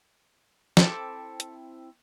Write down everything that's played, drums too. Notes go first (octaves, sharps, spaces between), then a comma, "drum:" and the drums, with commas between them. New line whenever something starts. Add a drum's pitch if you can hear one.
C4 E4 A4 A5 D6, drum: snare
drum: hi-hat